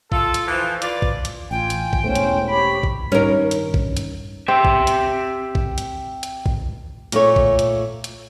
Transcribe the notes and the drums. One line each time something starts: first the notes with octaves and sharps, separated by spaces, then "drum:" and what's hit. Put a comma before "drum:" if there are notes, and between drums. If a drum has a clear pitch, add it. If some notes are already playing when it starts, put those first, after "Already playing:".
F4 A4, drum: kick
drum: hi-hat
E3 F3
F4 B4 D5, drum: hi-hat
drum: kick
drum: hi-hat
A1 F4 G5 G#5
drum: hi-hat
drum: kick
E1 E2 A3 C#4 C5
drum: hi-hat
G4 C#5 B5
drum: kick
G2 D#3 C#4 A#4
drum: hi-hat
drum: kick
drum: hi-hat
C4 G4 E5
drum: kick
drum: hi-hat
drum: kick
drum: hi-hat
drum: hi-hat
drum: kick
A#2 A3 C#5, drum: hi-hat
drum: kick
drum: hi-hat
drum: hi-hat